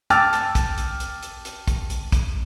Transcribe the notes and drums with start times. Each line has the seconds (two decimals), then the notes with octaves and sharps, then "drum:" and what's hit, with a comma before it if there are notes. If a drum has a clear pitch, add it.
0.10 G5 A5 D6 E6 F6 A6, drum: hi-hat
0.33 drum: hi-hat
0.55 drum: kick, hi-hat
0.78 drum: hi-hat
1.00 drum: hi-hat
1.23 drum: hi-hat
1.45 drum: hi-hat
1.67 drum: kick, hi-hat
1.90 drum: hi-hat
2.12 drum: kick, hi-hat